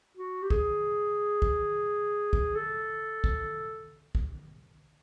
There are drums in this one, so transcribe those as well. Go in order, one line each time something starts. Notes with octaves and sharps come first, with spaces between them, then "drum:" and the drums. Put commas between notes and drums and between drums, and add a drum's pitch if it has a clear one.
F#4
G4
G#4, drum: kick
drum: kick
drum: kick
A4
drum: kick
drum: kick